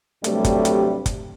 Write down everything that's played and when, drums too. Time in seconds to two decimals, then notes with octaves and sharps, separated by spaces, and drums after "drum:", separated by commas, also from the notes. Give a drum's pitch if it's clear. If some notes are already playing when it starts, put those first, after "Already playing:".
0.24 G2 C3 F#3 G3 A3, drum: hi-hat
0.45 drum: kick, hi-hat
0.65 drum: hi-hat
1.06 drum: kick, hi-hat